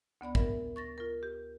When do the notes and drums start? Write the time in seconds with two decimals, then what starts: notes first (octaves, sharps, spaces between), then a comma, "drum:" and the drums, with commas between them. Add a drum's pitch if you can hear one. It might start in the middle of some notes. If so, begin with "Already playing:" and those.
0.21 D2 B3 D5 B5
0.35 A#4 E5, drum: kick
0.76 C#6 A6 A#6
0.98 F4 A#4
1.23 G4